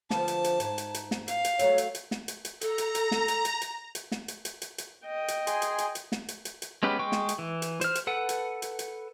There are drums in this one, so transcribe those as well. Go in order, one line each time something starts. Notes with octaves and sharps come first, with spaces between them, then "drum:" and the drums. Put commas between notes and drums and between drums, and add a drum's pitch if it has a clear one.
D3 F3 B3 A5, drum: snare
drum: hi-hat
drum: hi-hat
G#2, drum: hi-hat
drum: hi-hat
drum: hi-hat
drum: snare
F5, drum: hi-hat
drum: hi-hat
F#3 A3 C#5 E5, drum: hi-hat
drum: hi-hat
drum: hi-hat
drum: snare
drum: hi-hat
drum: hi-hat
A4 A#5, drum: hi-hat
drum: hi-hat
drum: hi-hat
drum: snare
drum: hi-hat
drum: hi-hat
drum: hi-hat
drum: hi-hat
drum: snare
drum: hi-hat
drum: hi-hat
drum: hi-hat
drum: hi-hat
D#5 G5
drum: hi-hat
G#4 G#5 C6, drum: hi-hat
drum: hi-hat
drum: hi-hat
drum: hi-hat
drum: snare
drum: hi-hat
drum: hi-hat
drum: hi-hat
G#3 B3 C#4 G4 B4
G#3 G5 C#6
drum: snare
drum: hi-hat
E3
drum: hi-hat
C5 F6, drum: hi-hat
drum: hi-hat
A4 B4 F#5
drum: hi-hat
drum: hi-hat
drum: hi-hat